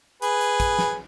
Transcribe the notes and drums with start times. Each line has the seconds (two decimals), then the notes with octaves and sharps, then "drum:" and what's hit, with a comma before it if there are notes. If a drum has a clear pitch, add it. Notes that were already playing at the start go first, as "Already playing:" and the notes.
0.22 G#4 B4, drum: hi-hat
0.41 drum: hi-hat
0.60 drum: kick, hi-hat
0.79 drum: snare